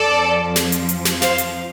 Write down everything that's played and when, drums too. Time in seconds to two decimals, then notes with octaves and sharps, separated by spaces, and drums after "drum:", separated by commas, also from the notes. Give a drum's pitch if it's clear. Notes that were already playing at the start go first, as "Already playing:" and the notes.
Already playing: F2 F3 A4 D5
0.56 drum: snare
0.72 drum: hi-hat
0.89 drum: hi-hat
1.05 drum: snare
1.22 C5 F5, drum: snare
1.38 drum: hi-hat